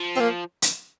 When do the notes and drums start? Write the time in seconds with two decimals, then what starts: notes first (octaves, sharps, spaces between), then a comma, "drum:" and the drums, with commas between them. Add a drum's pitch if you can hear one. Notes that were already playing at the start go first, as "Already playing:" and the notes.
Already playing: F3
0.16 C4
0.20 A#3
0.62 drum: hi-hat